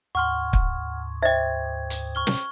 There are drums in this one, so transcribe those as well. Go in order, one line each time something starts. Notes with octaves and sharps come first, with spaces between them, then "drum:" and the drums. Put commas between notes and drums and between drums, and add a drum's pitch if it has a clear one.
D2 G#2 F#5 C6 C#6 F6
drum: kick
C5 D#5 E5 G5 G#6
drum: hi-hat
C#6 F6 G7
drum: snare